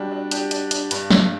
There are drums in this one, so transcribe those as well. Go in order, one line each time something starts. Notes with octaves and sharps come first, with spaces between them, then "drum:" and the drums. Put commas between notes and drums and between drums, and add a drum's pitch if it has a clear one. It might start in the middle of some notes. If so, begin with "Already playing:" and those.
Already playing: G3 D4 F#4
D4
D4 G4, drum: hi-hat
D4, drum: hi-hat
D4, drum: hi-hat
G2, drum: hi-hat
G2, drum: snare